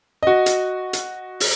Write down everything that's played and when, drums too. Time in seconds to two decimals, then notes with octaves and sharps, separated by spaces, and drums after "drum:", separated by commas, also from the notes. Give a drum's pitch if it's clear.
0.23 F#4 D#5
0.46 drum: hi-hat
0.93 drum: hi-hat
1.40 drum: open hi-hat